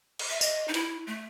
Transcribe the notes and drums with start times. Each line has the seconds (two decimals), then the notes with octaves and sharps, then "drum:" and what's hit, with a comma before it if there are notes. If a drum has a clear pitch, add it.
0.19 drum: cymbal
0.30 E5
0.41 D#5, drum: tambourine
0.68 D#4
0.74 E4, drum: hi-hat
1.07 A3